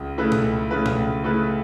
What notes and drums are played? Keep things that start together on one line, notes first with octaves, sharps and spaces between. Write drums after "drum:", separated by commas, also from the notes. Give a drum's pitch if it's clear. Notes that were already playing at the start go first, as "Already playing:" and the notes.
Already playing: C#2
C#3 A3 E4 B4
drum: tom B2
C#2
C#3 A3 E4 B4
drum: tom B2
C#2
C#3 A3 E4 B4